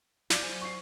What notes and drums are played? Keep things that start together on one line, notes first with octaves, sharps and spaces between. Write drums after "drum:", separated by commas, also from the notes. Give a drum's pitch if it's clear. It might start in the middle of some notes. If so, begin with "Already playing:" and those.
F2 F4 D5 F5 D6 G6, drum: snare
F#3 C5 G#5 D#7
C#6 C7